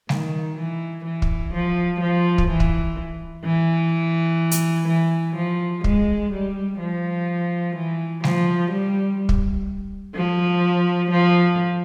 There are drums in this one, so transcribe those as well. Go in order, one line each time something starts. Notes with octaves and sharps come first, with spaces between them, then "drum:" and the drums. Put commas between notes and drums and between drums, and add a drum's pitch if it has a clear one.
D#3, drum: snare G3
E3
E3
drum: kick
F3
F3
drum: kick
E3
drum: kick
E3
drum: hi-hat
E3
F3
G#3, drum: kick
G3
F3
E3
F3, drum: snare G3
G3
drum: kick
F3
F3